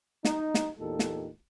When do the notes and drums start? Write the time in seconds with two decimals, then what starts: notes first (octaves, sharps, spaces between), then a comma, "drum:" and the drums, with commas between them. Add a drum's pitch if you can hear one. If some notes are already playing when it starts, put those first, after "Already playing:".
0.25 D#4, drum: snare
0.54 drum: snare
0.79 E2 A#2 D#4 G4 A4
0.99 drum: snare